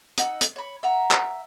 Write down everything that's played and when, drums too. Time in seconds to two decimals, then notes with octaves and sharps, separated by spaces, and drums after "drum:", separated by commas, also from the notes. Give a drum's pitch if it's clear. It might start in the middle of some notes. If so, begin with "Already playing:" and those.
0.18 D#4 F#5 A#5 E6, drum: hi-hat
0.41 drum: hi-hat
0.56 C#5 B5
0.83 E5 F#5 A#5
1.11 drum: clap